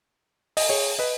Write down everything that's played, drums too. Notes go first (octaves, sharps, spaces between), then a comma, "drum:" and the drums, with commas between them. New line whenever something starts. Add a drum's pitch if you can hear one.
D#5, drum: open hi-hat
G#4 C#5
B4 D#5